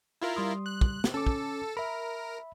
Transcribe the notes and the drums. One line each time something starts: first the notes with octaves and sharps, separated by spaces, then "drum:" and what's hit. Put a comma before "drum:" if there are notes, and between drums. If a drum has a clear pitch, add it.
E4 F4 A#4
G3 C6 D#6
F#6
drum: kick
drum: snare
C#4 A4 D6
drum: kick
A#4 E5 B5